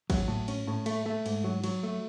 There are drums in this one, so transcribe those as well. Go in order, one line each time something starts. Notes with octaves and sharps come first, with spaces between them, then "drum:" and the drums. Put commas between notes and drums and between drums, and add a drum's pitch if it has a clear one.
F#3, drum: kick, cymbal
A2
C#4, drum: cymbal
A2
A3, drum: cymbal
A3
G#2, drum: cymbal
F#3
F#3, drum: cymbal
A3